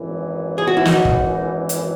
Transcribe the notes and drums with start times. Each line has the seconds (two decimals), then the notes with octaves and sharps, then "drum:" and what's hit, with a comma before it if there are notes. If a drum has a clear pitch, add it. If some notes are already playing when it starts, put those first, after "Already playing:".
Already playing: G#1 F#2 E3
0.58 G#4
0.67 F#4
0.77 E4
0.85 D#4 F#4, drum: snare
1.05 drum: kick
1.69 drum: hi-hat